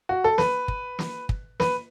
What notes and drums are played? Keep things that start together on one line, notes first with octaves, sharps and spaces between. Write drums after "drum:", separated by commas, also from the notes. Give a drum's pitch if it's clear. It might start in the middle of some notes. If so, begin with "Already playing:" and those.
F#4
A4
B4, drum: snare
drum: kick
drum: snare
drum: kick
B4, drum: snare